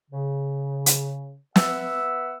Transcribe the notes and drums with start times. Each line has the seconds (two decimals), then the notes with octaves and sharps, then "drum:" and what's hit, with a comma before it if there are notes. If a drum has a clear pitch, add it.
0.11 C#3
0.86 drum: hi-hat
1.56 B3 E5 F#5 E6, drum: snare